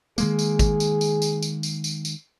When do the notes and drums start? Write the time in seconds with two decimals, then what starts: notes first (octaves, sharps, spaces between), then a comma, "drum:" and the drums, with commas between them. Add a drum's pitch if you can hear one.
0.18 D#3 G#3 A#3 G#4, drum: tambourine
0.39 drum: tambourine
0.59 drum: kick, tambourine
0.80 drum: tambourine
1.01 drum: tambourine
1.22 drum: tambourine
1.42 drum: tambourine
1.63 drum: tambourine
1.84 drum: tambourine
2.05 drum: tambourine